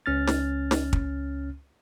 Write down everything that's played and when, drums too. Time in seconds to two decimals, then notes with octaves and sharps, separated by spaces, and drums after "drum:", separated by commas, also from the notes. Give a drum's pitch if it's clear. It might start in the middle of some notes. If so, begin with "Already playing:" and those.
0.06 C#2 C#4 F6 A6
0.27 drum: snare
0.71 drum: snare
0.93 drum: kick